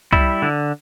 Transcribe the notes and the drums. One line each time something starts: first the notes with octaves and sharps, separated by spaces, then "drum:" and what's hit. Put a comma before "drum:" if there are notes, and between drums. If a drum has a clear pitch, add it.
G3 E4, drum: kick C2
D3